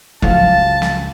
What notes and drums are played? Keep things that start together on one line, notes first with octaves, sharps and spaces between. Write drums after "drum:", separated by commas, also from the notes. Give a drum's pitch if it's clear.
C#2 A2 F3 F#3 F5 A5, drum: kick F1
drum: snare